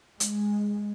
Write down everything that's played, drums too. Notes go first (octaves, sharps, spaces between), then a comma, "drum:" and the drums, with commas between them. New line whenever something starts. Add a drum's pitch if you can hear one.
G#3, drum: hi-hat